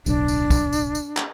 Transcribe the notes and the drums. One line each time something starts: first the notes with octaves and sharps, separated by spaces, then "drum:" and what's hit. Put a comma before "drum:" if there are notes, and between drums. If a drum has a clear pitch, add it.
D1 B1 D4, drum: tambourine
drum: tambourine
drum: kick, tambourine
drum: tambourine
drum: tambourine
drum: clap